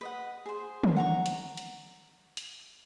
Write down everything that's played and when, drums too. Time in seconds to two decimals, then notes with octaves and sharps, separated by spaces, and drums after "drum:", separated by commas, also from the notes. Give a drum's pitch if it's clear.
0.01 B4 D#5 F#5
0.46 G#4 C5
0.83 drum: tom
0.96 F#5 A#5 C#6
1.26 drum: hi-hat
1.57 drum: hi-hat
2.37 drum: hi-hat